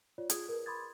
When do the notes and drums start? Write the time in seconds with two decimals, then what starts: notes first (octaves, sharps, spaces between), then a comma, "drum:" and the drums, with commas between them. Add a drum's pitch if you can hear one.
0.18 F4 C#5 D5
0.30 F4 G#4 D#6 G#6, drum: hi-hat
0.49 A#4 B4
0.66 B5 C6 D6 D#6 G#6 A6